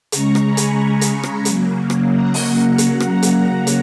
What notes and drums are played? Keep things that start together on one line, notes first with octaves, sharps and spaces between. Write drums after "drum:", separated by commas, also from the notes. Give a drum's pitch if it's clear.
C#3 G#3 A#5 C#6, drum: hi-hat
drum: rim click
G#5 B5
drum: hi-hat
drum: hi-hat
drum: rim click
C#3 F#3 A#3, drum: hi-hat
drum: rim click
F#5 A#5
drum: open hi-hat
drum: hi-hat
drum: rim click
drum: hi-hat
drum: hi-hat